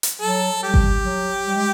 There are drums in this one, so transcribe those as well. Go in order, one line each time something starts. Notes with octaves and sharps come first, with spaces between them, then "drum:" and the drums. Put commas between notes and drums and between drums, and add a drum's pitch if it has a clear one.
drum: hi-hat
F#3 A4
G3 G4
drum: kick G#1
F#3
G3
G#3